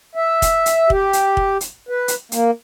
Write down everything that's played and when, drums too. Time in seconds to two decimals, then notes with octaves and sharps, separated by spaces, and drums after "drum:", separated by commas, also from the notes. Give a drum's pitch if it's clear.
0.15 E5
0.42 drum: kick, hi-hat
0.66 drum: hi-hat
0.90 G4, drum: kick
1.13 drum: hi-hat
1.37 drum: kick
1.61 drum: hi-hat
1.89 B4
2.08 drum: hi-hat
2.32 A#3, drum: hi-hat